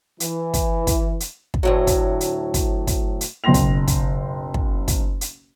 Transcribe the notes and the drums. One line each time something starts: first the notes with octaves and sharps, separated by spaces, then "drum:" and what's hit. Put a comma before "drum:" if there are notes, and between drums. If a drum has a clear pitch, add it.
E3, drum: hi-hat
drum: kick, hi-hat
drum: kick, hi-hat
drum: hi-hat
drum: kick
D2 A2 F#3
drum: kick, hi-hat
drum: hi-hat
drum: kick, hi-hat
drum: kick, hi-hat
drum: hi-hat
F#1 B1 G5 C6 A#6 F7
drum: kick, hi-hat
drum: kick, hi-hat
drum: kick
drum: kick, hi-hat
drum: hi-hat